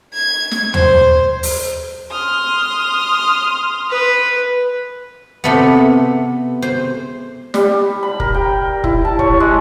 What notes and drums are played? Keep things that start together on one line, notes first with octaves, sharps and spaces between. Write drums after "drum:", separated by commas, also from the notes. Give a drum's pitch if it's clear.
G#6
drum: snare
C5, drum: tom
drum: open hi-hat
C6 D#6 F6
B4
C3 A3 B3
C5
G3, drum: snare
B5
A#4, drum: kick F1
G5
E4, drum: kick F1
A5
C#5, drum: kick F1
G#3